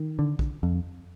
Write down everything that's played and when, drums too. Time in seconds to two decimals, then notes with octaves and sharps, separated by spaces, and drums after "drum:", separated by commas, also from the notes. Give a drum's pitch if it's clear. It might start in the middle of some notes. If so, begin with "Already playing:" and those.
Already playing: D#3
0.19 D3
0.39 drum: kick
0.63 F2